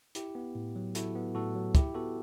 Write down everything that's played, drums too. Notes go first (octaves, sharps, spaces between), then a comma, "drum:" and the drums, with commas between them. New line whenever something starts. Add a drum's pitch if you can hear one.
E4 G4, drum: hi-hat
B3
A2
F#3
E4 F#4 A4, drum: hi-hat
B3
A2 F#4 A4
F#3
E4 G4, drum: kick, hi-hat
B3 F#4 A4